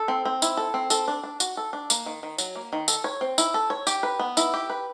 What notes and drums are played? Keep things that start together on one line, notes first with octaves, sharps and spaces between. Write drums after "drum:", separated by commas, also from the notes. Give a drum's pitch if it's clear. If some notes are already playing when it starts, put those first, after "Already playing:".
Already playing: A4
C4
C4
E4, drum: tambourine
A4
C4
A4, drum: tambourine
D4
D4
F#4, drum: tambourine
A4
D4
A#3, drum: tambourine
D#3
D#3
F#3, drum: tambourine
A#3
D#3
A4, drum: tambourine
C#5
C4
E4, drum: tambourine
A4
C#5
G4, drum: tambourine
B4
B3
E4, drum: tambourine
G4
B4